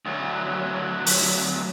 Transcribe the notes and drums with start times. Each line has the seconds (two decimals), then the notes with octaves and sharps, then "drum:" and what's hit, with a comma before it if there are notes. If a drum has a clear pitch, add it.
0.06 D2 F#3
1.07 drum: open hi-hat